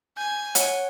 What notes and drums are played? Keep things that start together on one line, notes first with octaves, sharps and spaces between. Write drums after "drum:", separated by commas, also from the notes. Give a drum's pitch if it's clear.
G#5 G6
C#5 F#5, drum: hi-hat